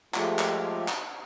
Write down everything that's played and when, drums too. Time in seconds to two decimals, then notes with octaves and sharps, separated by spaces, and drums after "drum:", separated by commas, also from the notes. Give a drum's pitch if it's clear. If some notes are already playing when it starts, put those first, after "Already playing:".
0.14 F3 G#3 A3 F4 G4, drum: clap
0.39 drum: clap
0.88 drum: clap